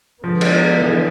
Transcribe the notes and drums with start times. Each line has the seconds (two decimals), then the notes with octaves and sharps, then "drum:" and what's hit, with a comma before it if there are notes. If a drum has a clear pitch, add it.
0.23 D3 F3 G#3 B3
0.41 drum: cymbal
0.82 E3